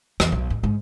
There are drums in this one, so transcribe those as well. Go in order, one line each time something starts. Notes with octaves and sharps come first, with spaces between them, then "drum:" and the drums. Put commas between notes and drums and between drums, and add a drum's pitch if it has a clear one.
E2, drum: rim click
B1
G#2
G#2